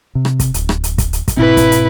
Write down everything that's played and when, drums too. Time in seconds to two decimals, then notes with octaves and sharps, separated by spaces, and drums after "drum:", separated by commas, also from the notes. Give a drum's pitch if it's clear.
0.15 C3
0.25 drum: rim click
0.40 drum: kick, hi-hat
0.54 D1, drum: hi-hat
0.69 drum: rim click
0.84 drum: hi-hat
0.98 drum: kick, hi-hat
1.13 drum: hi-hat
1.28 drum: kick, hi-hat
1.37 G#2 B2 C4 E4 B4
1.57 drum: kick, hi-hat
1.72 drum: hi-hat